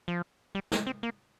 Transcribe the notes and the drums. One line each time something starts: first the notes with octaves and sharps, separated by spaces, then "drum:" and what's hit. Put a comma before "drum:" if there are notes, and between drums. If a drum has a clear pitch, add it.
F3
G3
A#3, drum: snare
C4
A#3